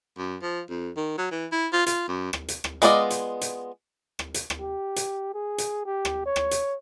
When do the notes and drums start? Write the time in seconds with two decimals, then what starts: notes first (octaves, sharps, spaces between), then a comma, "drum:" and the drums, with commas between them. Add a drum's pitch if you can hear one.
0.17 F#2
0.42 F3
0.70 F2
0.97 D#3
1.18 F#3
1.31 E3
1.52 E4
1.73 F4
1.86 F4, drum: hi-hat
2.08 F#2
2.33 drum: rim click
2.48 drum: hi-hat
2.64 drum: rim click
2.82 G#3 B3 F4 D5 D#5, drum: hi-hat
3.10 drum: hi-hat
3.41 drum: hi-hat
4.19 drum: rim click
4.34 drum: hi-hat
4.50 drum: rim click
4.60 G4
4.96 drum: hi-hat
5.34 G#4
5.58 drum: hi-hat
5.85 G4
6.05 drum: rim click
6.25 C#5
6.36 drum: rim click
6.51 drum: hi-hat